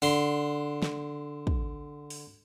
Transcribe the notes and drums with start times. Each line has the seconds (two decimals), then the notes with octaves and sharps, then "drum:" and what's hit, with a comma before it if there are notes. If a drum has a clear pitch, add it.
0.02 D3 C6, drum: open hi-hat
0.82 drum: snare
1.47 drum: kick
2.10 drum: open hi-hat